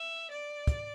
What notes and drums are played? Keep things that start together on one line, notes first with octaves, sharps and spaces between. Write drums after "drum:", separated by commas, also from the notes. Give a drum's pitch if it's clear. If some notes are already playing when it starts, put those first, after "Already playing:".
Already playing: E5
D5
drum: kick, hi-hat